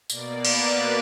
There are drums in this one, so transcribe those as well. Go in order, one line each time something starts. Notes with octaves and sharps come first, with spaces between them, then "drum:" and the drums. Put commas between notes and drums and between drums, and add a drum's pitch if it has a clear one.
B2 A#3 D5, drum: tambourine
B4, drum: cymbal